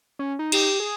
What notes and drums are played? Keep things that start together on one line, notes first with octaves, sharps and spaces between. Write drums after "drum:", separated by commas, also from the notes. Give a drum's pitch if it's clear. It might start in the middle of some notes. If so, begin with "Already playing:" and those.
C#4
D#4
G4, drum: cymbal
G#4